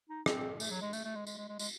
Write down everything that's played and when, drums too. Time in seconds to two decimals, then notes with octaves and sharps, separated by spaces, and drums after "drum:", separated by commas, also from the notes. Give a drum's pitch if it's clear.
0.10 D#4
0.26 C4, drum: rim click
0.60 A3, drum: tambourine
0.71 F#3
0.82 G#3
0.93 A3, drum: tambourine
1.05 A3
1.15 G#3
1.27 G#3, drum: tambourine
1.38 G#3
1.49 G#3
1.59 G#3, drum: tambourine